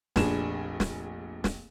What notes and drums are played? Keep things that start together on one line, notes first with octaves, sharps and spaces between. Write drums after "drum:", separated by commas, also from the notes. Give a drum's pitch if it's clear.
F1 A#1 D4 G#4 E7, drum: snare
drum: snare
drum: snare